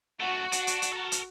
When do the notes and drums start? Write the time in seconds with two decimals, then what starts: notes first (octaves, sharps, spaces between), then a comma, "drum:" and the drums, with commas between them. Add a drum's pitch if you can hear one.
0.20 F#2 A3 F#4
0.52 D4, drum: hi-hat
0.67 drum: hi-hat
0.82 drum: hi-hat
0.93 A4 A#4
1.12 drum: hi-hat